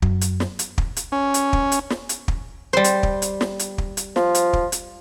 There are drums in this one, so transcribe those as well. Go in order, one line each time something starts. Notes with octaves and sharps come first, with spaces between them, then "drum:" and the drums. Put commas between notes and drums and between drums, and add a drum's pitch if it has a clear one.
F#2, drum: kick
drum: hi-hat
drum: snare
drum: hi-hat
drum: kick
drum: hi-hat
C#4
drum: hi-hat
drum: kick
drum: hi-hat
drum: snare
drum: hi-hat
drum: kick
G3 C5
drum: hi-hat
drum: kick
drum: hi-hat
drum: snare
drum: hi-hat
drum: kick
drum: hi-hat
F3, drum: snare
drum: hi-hat
drum: kick
drum: hi-hat